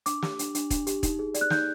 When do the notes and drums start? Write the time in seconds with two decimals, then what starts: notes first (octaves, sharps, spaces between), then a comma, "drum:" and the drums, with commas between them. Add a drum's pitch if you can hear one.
0.06 D4 D6, drum: hi-hat
0.22 G4, drum: snare
0.39 D4, drum: hi-hat
0.55 D4, drum: hi-hat
0.70 D4, drum: kick, hi-hat
0.87 G4, drum: hi-hat
1.03 D#4, drum: kick, hi-hat
1.19 G#4
1.34 D5, drum: hi-hat
1.41 F#6
1.50 D#4 G6, drum: snare